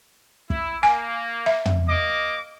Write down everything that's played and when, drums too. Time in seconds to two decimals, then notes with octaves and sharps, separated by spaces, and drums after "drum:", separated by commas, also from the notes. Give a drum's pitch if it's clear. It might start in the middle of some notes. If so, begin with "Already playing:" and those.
0.50 E4, drum: kick
0.83 A#3 G#5
1.46 E5
1.65 drum: tom
1.88 A#3 D#5 D6